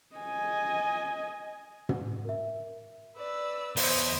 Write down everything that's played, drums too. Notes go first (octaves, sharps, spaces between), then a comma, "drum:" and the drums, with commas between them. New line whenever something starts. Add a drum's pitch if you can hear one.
D#5 G#5
drum: tom
A#4 E5
B4 D5 E6
E2 B4 C5 D#5, drum: open hi-hat